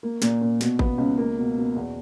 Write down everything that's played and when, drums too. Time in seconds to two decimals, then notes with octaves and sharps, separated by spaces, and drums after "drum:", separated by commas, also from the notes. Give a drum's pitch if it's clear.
0.03 A#3
0.22 A#2, drum: snare
0.42 A#2
0.61 B2, drum: snare
0.79 B3, drum: kick G#1
0.98 C#2
1.18 A#3
1.38 B2
1.56 B2
1.76 E2